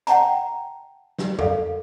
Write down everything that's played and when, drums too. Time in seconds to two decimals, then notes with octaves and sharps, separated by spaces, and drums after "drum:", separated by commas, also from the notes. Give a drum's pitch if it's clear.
0.07 F#5 G5 A5 A#5, drum: hi-hat
1.19 drum: snare
1.39 A4 A#4 F5, drum: tom F2